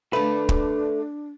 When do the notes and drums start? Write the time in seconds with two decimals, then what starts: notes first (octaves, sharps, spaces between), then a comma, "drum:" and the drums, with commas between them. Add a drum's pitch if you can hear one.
0.13 D3 A3 D4 B4
0.49 drum: kick